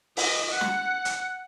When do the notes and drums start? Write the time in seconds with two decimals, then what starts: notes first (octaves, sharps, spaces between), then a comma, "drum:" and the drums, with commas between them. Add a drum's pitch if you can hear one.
0.17 D#5, drum: open hi-hat
0.50 F#5
0.61 drum: snare
1.05 drum: hi-hat